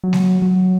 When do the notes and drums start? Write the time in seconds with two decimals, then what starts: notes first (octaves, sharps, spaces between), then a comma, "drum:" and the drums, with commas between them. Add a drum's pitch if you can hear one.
0.04 F#3
0.13 drum: snare G#3
0.42 F#3